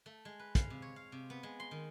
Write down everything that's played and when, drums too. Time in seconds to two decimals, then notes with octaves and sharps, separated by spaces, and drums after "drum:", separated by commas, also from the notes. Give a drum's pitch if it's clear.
0.06 A3
0.25 G#3
0.39 B4
0.55 F5, drum: kick, hi-hat
0.70 C3
0.82 C#5
0.96 F5
1.12 C3
1.30 B3
1.43 G#3
1.60 C6
1.71 D#3